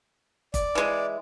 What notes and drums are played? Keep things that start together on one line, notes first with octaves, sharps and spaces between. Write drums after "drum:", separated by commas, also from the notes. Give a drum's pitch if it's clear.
D5, drum: kick, hi-hat
E3 G#3